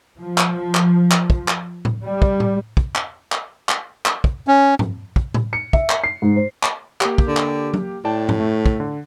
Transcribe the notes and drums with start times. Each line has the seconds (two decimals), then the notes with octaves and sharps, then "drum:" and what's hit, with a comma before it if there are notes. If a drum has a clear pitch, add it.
0.18 F3
0.38 drum: clap
0.75 drum: clap
1.11 drum: clap
1.30 drum: kick
1.48 drum: clap
1.85 drum: tom A2
2.04 G3
2.22 drum: kick
2.40 drum: tom A2
2.77 drum: kick
2.95 drum: clap
3.32 drum: clap
3.69 drum: clap
4.06 drum: clap
4.24 drum: kick
4.48 C#4
4.79 drum: tom
5.16 drum: kick
5.34 drum: tom A2
5.53 C#7
5.73 E5, drum: kick
5.90 drum: clap
6.04 C7
6.22 G#2
6.36 C5
6.63 drum: clap
7.01 A#3 G4, drum: clap
7.18 drum: kick
7.28 D3
7.37 drum: clap
7.74 drum: tom F#3
8.05 A2 D5 G5 A5
8.29 drum: tom
8.40 A3
8.66 drum: kick
8.80 D3